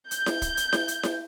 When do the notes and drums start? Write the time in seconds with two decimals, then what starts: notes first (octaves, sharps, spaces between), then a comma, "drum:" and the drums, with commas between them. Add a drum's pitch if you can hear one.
0.11 G6, drum: hi-hat
0.26 drum: snare E4
0.42 drum: kick, hi-hat
0.57 drum: hi-hat
0.73 drum: snare E4
0.88 drum: hi-hat
1.03 drum: snare E4